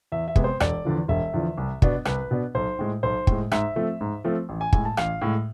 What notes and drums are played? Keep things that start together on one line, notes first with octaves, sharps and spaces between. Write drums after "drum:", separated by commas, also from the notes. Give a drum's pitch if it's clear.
E2 E5
E5
C3 G#3 B3, drum: kick
C5
E1 D5, drum: rim click
E2 D3 F3
E1 E5
E2 D3 F3
C2
B2 B3 D4, drum: kick
C2 B4, drum: rim click
B2 B3 D4
B1 C5
A2 G#3
B1 C5
A2 G#3, drum: kick
G#2 E5, drum: rim click
F3 A3 C4
G#2
F3 A3 C4
A1
G#5
A2 G#3 G#5, drum: kick
A5
A1 F5, drum: rim click
A2 G#3